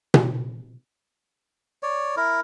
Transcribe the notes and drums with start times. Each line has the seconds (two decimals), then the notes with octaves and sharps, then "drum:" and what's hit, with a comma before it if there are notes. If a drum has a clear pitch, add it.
0.14 drum: tom B2
1.83 C#5 D5
2.17 E4 A#4